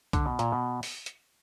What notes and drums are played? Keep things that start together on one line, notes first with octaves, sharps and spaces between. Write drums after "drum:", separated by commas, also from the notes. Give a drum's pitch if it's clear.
D3, drum: kick C2, hi-hat
B2
A#2, drum: hi-hat
B2
drum: open hi-hat
drum: hi-hat